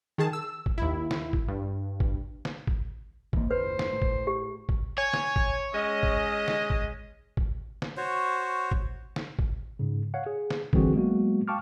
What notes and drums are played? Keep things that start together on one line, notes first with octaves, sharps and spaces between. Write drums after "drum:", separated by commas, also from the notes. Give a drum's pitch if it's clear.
D#3 G#4 A5
E6
drum: kick
D#2 E4
drum: snare
drum: kick
G2
drum: kick
drum: snare
drum: kick
E3 A#3, drum: kick
G1 E2 E3 B4 C5
drum: snare
A2
drum: kick
G4
drum: kick
C#5 G#5
drum: snare
drum: kick
G#3 C#4 D#5
drum: kick
drum: snare
drum: kick
drum: kick
drum: snare
F#4 C5 C#5
drum: kick
drum: snare
drum: kick
G#2 C#3
C#5 F5 F#5
G#4
drum: snare
D3 E3 G3 C4 F#4 G#4, drum: kick
F#3 G#3 A#3 B3 F#4
F5 G5 A5 C#6 D6 F6